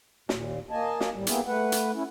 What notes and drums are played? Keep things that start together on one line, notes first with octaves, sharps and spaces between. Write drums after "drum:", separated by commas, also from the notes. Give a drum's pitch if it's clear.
D#2 A#2, drum: snare
A#3 D#5 G#5 A5
drum: snare
D#2 A2 G3
A#3 B3 E4 G4 G#4, drum: hi-hat
A3 B4 F#5
drum: hi-hat
C#4 E4